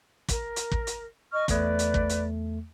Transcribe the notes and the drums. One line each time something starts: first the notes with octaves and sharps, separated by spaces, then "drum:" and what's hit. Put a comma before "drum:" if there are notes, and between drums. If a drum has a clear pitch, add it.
A#4, drum: kick, hi-hat
drum: hi-hat
drum: kick
drum: hi-hat
D#5 C#6 F6
E2 A3 B4 D5, drum: kick, hi-hat
drum: hi-hat
drum: kick
drum: hi-hat